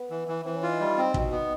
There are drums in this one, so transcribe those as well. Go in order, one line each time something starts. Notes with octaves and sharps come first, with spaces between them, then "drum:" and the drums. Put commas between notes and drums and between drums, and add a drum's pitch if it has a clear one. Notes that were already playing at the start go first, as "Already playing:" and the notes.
Already playing: B3
E3
E3
E3 C4
C#4
F4
D#4
G3 D#4
C4
B2 D#4, drum: kick
B3